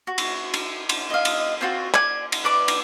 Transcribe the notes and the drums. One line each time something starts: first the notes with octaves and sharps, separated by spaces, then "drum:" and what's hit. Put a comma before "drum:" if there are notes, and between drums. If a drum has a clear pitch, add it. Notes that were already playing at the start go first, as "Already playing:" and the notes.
F#4
drum: cymbal
drum: cymbal
drum: cymbal
D#5 F5
drum: cymbal
C4 F4 F#4
D5 G#5, drum: clap
drum: cymbal
B4 D5 D6
drum: cymbal